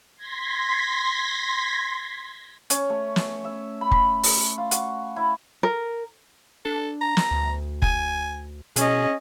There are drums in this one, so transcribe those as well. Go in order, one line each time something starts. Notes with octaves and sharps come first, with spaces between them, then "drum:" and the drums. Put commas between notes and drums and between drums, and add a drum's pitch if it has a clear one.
C6 G#6 A#6 B6
C#4, drum: hi-hat
A3
drum: snare
E5
B5
drum: kick F1
drum: open hi-hat
F4
F#4, drum: hi-hat
E4
A#4
D4 A4
A#5
drum: snare
D2
G#5, drum: kick F1
B2 C#4 G#4 D#5, drum: hi-hat